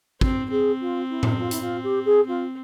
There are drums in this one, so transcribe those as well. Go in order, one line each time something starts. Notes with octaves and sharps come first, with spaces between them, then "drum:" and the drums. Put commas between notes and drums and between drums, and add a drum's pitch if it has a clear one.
C4, drum: kick
C4 G#4
F4
E4
drum: tom A2
F4
E4, drum: hi-hat
F4
G4
G#4
C4 F4